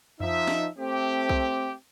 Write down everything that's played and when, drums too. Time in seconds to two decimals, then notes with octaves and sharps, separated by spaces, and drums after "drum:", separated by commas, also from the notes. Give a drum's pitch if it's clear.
0.20 F3 D#4 E5, drum: tom F2
0.47 drum: snare
0.78 A3 C4 G4
1.29 drum: kick B1